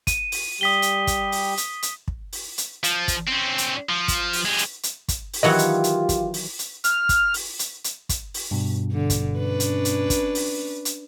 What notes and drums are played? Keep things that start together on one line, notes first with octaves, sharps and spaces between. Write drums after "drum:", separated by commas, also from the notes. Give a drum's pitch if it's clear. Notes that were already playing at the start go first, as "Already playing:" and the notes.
D#7, drum: kick, hi-hat
drum: open hi-hat
G3 G4 D#6 B6 G7
drum: hi-hat
drum: kick, hi-hat
drum: open hi-hat
drum: hi-hat
drum: hi-hat
drum: kick
drum: open hi-hat
drum: hi-hat
F3, drum: hi-hat
drum: kick, hi-hat
C4 C#4
drum: hi-hat
F3
drum: kick, hi-hat
drum: open hi-hat
G#3 G4
drum: hi-hat
drum: hi-hat
drum: kick, hi-hat
drum: open hi-hat
D#3 E3 F#3 F4 G4 D#5 C#7
drum: hi-hat
drum: hi-hat
drum: kick, hi-hat
drum: open hi-hat
drum: hi-hat
F6, drum: hi-hat
drum: kick, hi-hat
drum: open hi-hat
drum: hi-hat
drum: hi-hat
drum: kick, hi-hat
drum: open hi-hat
G2 B2
D3
drum: kick, hi-hat
C#4 D4 B4
drum: hi-hat
drum: hi-hat
drum: kick, hi-hat
drum: open hi-hat
drum: hi-hat